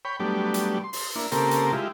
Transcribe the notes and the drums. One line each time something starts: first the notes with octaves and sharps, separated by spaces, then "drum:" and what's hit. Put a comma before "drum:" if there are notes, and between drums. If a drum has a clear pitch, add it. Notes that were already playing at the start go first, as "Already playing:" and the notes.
C#5 G5 B5
F#3 G3 A3 B3 D4 G4
drum: hi-hat
C6
drum: open hi-hat
A#3 D4 E4
C#3 A#3 C4 G4 A4 A#4, drum: hi-hat
drum: hi-hat
G#3 E4 F4 G4